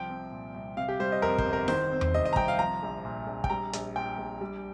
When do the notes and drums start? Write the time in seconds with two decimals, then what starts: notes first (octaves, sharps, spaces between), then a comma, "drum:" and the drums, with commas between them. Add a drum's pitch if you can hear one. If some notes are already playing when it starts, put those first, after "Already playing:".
Already playing: C2 F3 G5
0.10 C4
0.32 A#2
0.54 C2
0.77 C3 F5
0.88 G4
1.00 G3 C5
1.12 D#5
1.22 F2 A#4
1.38 C5, drum: kick
1.46 G1
1.53 A#4
1.68 D#3 C5, drum: snare E4
1.92 C4
2.01 drum: tom E2
2.14 C3 D#5
2.25 D#5
2.33 A#5
2.36 C2 G5, drum: kick
2.48 F5
2.59 F3 A#5
2.83 A#1
3.05 A#2
3.27 A#1
3.44 G5, drum: kick
3.50 G3 A#5
3.73 A#1, drum: hi-hat
3.96 A#2 G5
4.18 A#1
4.41 G3